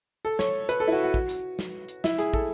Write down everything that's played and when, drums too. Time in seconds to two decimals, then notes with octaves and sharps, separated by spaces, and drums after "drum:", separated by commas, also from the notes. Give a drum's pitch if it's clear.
0.25 A4
0.39 C#5, drum: snare
0.69 B4, drum: hi-hat
0.80 A4
0.88 E4
0.92 F#4
1.03 F#4
1.14 drum: kick
1.29 drum: hi-hat
1.59 drum: snare
1.89 drum: hi-hat
2.04 E4, drum: snare
2.18 G#4, drum: hi-hat
2.34 A4, drum: kick